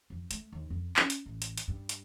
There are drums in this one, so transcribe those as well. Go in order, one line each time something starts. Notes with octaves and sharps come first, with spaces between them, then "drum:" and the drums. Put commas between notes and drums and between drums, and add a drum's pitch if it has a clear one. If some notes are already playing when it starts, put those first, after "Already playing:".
F2
A3, drum: hi-hat
D#2
F2
C#4, drum: clap
drum: hi-hat
A1
drum: hi-hat
drum: hi-hat
G2
drum: hi-hat